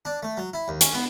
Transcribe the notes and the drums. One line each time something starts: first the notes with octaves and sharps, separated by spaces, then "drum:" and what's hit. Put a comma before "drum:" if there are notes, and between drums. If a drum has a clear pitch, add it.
D4
A3
F#3
E4
D#2
C#4, drum: hi-hat
B3